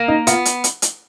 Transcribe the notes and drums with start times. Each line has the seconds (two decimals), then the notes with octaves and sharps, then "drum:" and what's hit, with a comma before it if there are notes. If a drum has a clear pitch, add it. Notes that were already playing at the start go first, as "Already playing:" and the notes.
Already playing: A#3
0.08 D#4
0.27 B3 F4, drum: hi-hat
0.45 drum: hi-hat
0.64 drum: hi-hat
0.82 drum: hi-hat